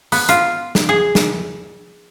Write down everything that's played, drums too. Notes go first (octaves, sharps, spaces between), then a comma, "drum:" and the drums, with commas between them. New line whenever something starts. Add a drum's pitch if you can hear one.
B3, drum: open hi-hat
F4, drum: hi-hat
drum: snare
G#4
drum: snare